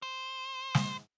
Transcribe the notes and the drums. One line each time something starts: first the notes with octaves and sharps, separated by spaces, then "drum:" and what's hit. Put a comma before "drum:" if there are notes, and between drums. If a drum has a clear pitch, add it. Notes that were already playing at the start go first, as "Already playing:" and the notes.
C5
drum: snare